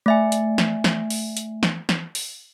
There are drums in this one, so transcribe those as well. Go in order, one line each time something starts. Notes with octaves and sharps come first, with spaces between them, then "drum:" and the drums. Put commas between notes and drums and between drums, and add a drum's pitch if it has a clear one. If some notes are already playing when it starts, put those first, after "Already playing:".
A3 E5 G#5
drum: hi-hat
drum: snare
drum: snare
drum: open hi-hat
drum: hi-hat
drum: snare
drum: snare
drum: open hi-hat